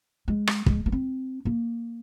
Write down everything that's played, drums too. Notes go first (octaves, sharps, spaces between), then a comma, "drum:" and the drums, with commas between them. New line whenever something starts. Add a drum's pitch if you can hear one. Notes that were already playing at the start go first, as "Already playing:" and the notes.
G#3
drum: rim click
G#3, drum: kick
A#3
C4
A#3